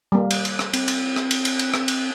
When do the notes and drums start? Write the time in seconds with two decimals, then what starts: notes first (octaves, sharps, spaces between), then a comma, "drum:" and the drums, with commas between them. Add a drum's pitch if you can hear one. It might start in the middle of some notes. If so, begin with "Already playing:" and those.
0.12 G3 A#3
0.31 drum: cymbal
0.45 drum: cymbal
0.59 drum: rim click
0.73 C4, drum: cymbal
0.88 drum: cymbal
1.16 drum: rim click
1.31 drum: cymbal
1.45 drum: cymbal
1.59 drum: cymbal
1.74 drum: rim click
1.88 drum: cymbal